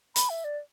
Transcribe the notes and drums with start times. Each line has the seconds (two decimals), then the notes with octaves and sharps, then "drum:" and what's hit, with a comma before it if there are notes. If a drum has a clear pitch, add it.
0.16 B5, drum: hi-hat
0.30 E5
0.44 D5